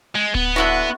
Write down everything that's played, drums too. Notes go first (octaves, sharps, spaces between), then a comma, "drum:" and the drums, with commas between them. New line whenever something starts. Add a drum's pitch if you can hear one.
G#3
B3, drum: kick D1
D3 E4 F#4